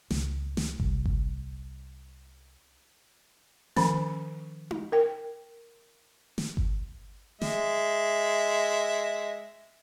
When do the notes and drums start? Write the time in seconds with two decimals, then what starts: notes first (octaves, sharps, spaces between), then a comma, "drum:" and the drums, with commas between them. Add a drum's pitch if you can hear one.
0.11 C#2, drum: snare
0.57 drum: snare
0.80 C2, drum: kick G1
1.06 drum: kick G1
3.76 D#3 F3 C#4, drum: snare
4.71 drum: tom D#4
4.92 A#4 G5
6.38 drum: snare
6.57 drum: kick G1
7.41 G#3 E5, drum: snare